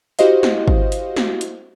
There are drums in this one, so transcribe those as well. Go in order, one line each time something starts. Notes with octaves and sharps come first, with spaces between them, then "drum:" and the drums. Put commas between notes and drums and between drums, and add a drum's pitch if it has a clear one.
E4 F#4 G4 C5 D#5 F5, drum: hi-hat
drum: snare
drum: kick G#1
drum: hi-hat
drum: snare
drum: hi-hat